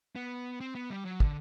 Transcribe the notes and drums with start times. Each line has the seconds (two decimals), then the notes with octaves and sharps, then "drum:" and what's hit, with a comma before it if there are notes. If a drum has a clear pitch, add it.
0.16 B3
0.61 C4
0.75 B3
0.90 G3
1.05 F#3
1.20 D3, drum: kick